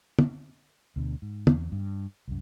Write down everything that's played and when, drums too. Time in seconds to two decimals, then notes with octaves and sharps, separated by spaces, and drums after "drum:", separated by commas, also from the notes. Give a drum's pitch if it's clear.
0.19 drum: tom
0.96 D2 B2 D3
1.22 G#2
1.47 E2, drum: tom
1.72 G2
2.28 C2 F#2